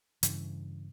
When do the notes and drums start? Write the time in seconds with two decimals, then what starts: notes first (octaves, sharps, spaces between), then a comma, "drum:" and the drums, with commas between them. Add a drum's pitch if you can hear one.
0.23 G2 C#3 E3, drum: hi-hat